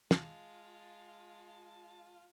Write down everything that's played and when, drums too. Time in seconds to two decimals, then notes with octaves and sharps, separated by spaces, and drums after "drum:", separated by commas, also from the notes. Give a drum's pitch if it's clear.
0.11 G#3 F4 A5, drum: snare